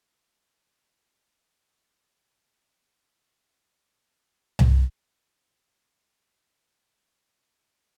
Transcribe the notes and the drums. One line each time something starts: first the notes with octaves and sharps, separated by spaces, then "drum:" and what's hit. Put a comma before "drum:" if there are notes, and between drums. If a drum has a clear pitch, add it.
E5 A5
D3
drum: tom C2
A3 C#4 G4 A4 A#4